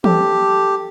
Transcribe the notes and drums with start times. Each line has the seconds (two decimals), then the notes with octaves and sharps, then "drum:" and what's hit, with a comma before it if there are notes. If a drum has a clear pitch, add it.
0.04 G4 A4, drum: tom E3